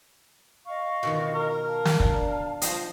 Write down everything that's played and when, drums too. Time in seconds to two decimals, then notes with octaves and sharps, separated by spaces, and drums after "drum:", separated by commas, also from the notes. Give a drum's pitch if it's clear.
0.66 D#5 F5 C#6
1.03 B2 D#3 F3
1.35 A#4
1.66 F5 A5
1.85 drum: snare
2.00 D4, drum: kick
2.62 F3 C5 D#5, drum: hi-hat